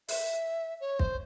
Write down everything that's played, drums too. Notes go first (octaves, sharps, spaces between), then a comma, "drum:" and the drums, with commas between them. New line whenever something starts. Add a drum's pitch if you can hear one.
E5, drum: open hi-hat
C#5
C5, drum: kick